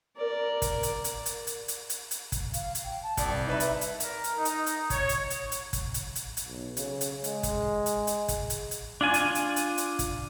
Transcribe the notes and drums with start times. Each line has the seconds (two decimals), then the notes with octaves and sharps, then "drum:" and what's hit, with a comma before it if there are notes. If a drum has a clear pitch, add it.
0.17 A#4 D5
0.62 drum: kick, hi-hat
0.83 drum: hi-hat
1.04 drum: hi-hat
1.26 drum: hi-hat
1.47 drum: hi-hat
1.68 drum: hi-hat
1.90 drum: hi-hat
2.11 drum: hi-hat
2.32 drum: kick, hi-hat
2.54 F5, drum: hi-hat
2.75 drum: hi-hat
2.84 G5
3.03 A5
3.17 C2 D5, drum: kick, hi-hat
3.47 D#4 B4 E5
3.60 drum: hi-hat
3.81 drum: hi-hat
4.00 A#4, drum: hi-hat
4.24 drum: hi-hat
4.36 D#4
4.45 drum: hi-hat
4.66 drum: hi-hat
4.90 C#5, drum: kick, hi-hat
5.09 drum: hi-hat
5.30 drum: hi-hat
5.52 drum: hi-hat
5.73 drum: kick, hi-hat
5.94 drum: hi-hat
6.16 drum: hi-hat
6.37 drum: hi-hat
6.46 B1
6.77 C#3, drum: hi-hat
7.01 drum: hi-hat
7.24 G#3, drum: hi-hat
7.43 drum: kick, hi-hat
7.86 drum: hi-hat
8.07 drum: hi-hat
8.28 drum: kick, hi-hat
8.50 drum: hi-hat
8.71 drum: hi-hat
9.01 D4 F4 G#5
9.14 drum: hi-hat
9.35 drum: hi-hat
9.56 drum: hi-hat
9.78 drum: hi-hat
9.99 drum: kick, hi-hat